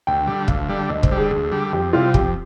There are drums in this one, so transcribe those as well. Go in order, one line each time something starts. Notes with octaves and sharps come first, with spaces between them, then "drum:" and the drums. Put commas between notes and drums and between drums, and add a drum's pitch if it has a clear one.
D2 G5
D3 G3
D2 F5, drum: kick
D3 G3
D2 D#5
C5, drum: kick
D3 G3
G#4
D2
D3 G3
F2 G4
C3 G3 F4
F2 G4, drum: kick